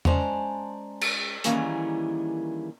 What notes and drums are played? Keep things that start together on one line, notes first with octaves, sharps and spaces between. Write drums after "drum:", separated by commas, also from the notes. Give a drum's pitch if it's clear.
G#3 C#4 C5 D5 A5 A#5, drum: tom E2
drum: cymbal
D#3 E3 G3 A#3 C#4 G#4, drum: hi-hat